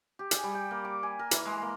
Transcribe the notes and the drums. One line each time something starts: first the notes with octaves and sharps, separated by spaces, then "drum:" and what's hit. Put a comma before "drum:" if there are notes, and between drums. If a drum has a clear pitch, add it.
G4
G#4, drum: hi-hat
G3
G5
A#3
D6
G#5
A#4
E3, drum: hi-hat
G#3
A#3